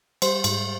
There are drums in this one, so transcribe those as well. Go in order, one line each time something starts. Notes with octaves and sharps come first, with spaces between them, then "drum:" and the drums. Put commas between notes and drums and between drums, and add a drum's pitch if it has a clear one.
G3 C5, drum: cymbal
G#2, drum: cymbal